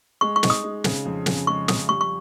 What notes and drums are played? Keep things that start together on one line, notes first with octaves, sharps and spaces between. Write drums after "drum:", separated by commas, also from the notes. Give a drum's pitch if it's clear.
G#3 C#6
C#6
D#4, drum: snare
D#6
G#3
C#3, drum: snare
F2
C#3, drum: snare
G#3 C#6
F2 D#6, drum: snare
G3 C#6
C#6